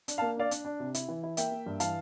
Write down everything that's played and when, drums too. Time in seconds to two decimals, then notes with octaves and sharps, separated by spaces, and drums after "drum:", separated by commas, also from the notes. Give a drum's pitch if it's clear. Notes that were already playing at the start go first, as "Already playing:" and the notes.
0.08 D4, drum: hi-hat
0.18 A#3 F5 A5
0.37 D4 D5 F5
0.51 D4, drum: hi-hat
0.65 D4
0.80 C3
0.94 E4, drum: hi-hat
1.09 E3
1.23 E4
1.37 A#3 E5 G5, drum: hi-hat
1.51 A#3
1.66 G2
1.80 E3 F5 A5, drum: hi-hat